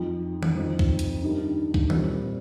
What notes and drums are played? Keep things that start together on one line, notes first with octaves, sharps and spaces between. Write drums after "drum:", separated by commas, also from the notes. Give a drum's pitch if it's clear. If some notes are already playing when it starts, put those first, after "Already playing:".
Already playing: F2 F3 D#4
drum: tom D#3
F2 F3 C4 D#4
drum: kick
drum: hi-hat
G2 D#3 G3 D#4
drum: kick
A#2 G3 C4, drum: tom D#3